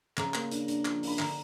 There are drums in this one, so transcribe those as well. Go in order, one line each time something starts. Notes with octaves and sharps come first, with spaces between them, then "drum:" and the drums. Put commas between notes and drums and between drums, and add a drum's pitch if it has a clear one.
C#3 A#5, drum: clap
A#3, drum: clap
D4, drum: hi-hat
D4, drum: hi-hat
F3, drum: clap
D4 B5, drum: open hi-hat
D3 A#5, drum: clap